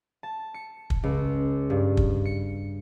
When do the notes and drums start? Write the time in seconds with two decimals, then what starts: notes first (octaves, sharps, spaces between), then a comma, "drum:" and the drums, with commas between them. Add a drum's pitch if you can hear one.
0.23 A5
0.54 C#7
0.90 drum: kick
1.03 C#2
1.70 G2
1.97 drum: kick
2.25 C#7